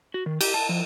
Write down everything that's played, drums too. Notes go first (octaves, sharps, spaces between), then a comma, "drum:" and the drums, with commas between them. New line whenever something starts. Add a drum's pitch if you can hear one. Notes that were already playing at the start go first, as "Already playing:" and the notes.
F#4
D#3
G4, drum: cymbal
A5
F3